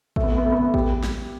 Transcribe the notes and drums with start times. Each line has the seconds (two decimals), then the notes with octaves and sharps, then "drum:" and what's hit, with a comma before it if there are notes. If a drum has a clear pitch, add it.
0.16 A3, drum: kick A1
0.23 B3
0.30 A3
0.38 B3
0.45 A3
0.52 B3
0.60 A3
0.74 G4, drum: kick A1
1.03 drum: snare